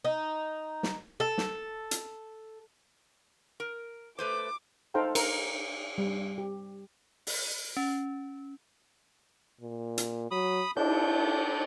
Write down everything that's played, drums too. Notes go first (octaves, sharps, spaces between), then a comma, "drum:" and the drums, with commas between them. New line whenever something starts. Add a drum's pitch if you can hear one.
D#4
drum: snare
A4
drum: snare
drum: hi-hat
A#4
A3 B4 C5 D6
D#4 A4 C5 F5 G5 A#5
A#4, drum: cymbal
G3
G4
drum: open hi-hat
C#4
A#2
drum: hi-hat
F#3 B5 D#6
D4 E4 G6, drum: cymbal